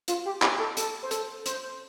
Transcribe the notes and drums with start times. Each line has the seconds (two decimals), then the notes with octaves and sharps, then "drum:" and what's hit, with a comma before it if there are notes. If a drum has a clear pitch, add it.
0.08 F4, drum: hi-hat
0.26 G4
0.42 G4, drum: clap
0.59 A4
0.77 A4, drum: hi-hat
1.03 C5
1.11 A4, drum: hi-hat
1.46 C5, drum: hi-hat